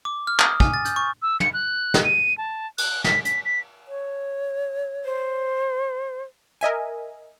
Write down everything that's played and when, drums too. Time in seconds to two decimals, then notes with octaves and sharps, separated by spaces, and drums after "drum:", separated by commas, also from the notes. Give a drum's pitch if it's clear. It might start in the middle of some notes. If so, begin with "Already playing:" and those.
0.05 D6
0.27 F6
0.39 D#6, drum: clap
0.60 G#5, drum: kick
0.74 A6
0.85 G6, drum: hi-hat
0.96 C#6
1.22 E6
1.40 C#7, drum: tom
1.53 F#6
1.94 drum: snare
2.04 D#7
2.38 A5
2.78 F#6, drum: cymbal
3.04 B6, drum: snare
3.25 B6, drum: hi-hat
3.45 B6
3.88 C#5
5.05 C5
6.61 A#4 D#5 E5 G#5